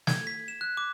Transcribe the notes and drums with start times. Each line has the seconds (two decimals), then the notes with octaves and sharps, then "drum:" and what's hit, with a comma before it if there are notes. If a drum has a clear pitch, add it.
0.07 G#6, drum: snare
0.27 B6
0.48 E7
0.61 F#6
0.77 D6